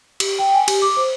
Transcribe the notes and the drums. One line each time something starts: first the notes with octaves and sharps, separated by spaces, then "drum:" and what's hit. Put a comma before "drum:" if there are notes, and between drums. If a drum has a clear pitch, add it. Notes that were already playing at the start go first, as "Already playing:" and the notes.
G4, drum: cymbal
G5
G#5
G4, drum: cymbal
D6
C5